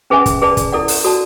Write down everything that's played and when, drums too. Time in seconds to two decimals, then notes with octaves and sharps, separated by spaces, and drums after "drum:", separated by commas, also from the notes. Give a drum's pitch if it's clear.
0.10 C#4 G#4 B4 E5 G#5
0.26 drum: kick, hi-hat
0.42 G#4 B4 D5 A5
0.57 drum: kick, hi-hat
0.72 E4 A4 D5 F#5
0.88 drum: open hi-hat
1.04 F#4 A4 D5 A5